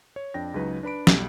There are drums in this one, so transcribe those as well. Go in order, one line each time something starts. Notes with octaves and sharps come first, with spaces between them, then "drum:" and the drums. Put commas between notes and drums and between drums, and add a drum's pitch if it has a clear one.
C#5
F2 D4 G5 A#6
C#2 C#3 F#3 D#4 B4
D4 B4 B5 D7
B1 E2 G3, drum: snare